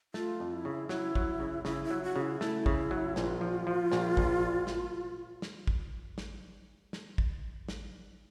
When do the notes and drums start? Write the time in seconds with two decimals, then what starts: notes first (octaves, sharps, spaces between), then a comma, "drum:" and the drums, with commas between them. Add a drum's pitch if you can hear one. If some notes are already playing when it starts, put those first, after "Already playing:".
0.14 A3 F4, drum: snare
0.40 F2
0.52 E4
0.65 C#3
0.89 F#3 E4, drum: snare
1.15 F#3, drum: kick
1.40 C#3
1.65 C#3 E4, drum: snare
1.84 E4
1.90 F#3
2.03 F#4
2.16 C#3
2.21 E4
2.41 A3 E4, drum: snare
2.66 C#3, drum: kick
2.91 F#3
3.16 A#1 F4, drum: snare
3.41 F3
3.67 F3
3.92 A#1, drum: snare
4.17 A#1, drum: kick
4.67 drum: snare
5.42 drum: snare
5.67 drum: kick
6.18 drum: snare
6.93 drum: snare
7.18 drum: kick
7.69 drum: snare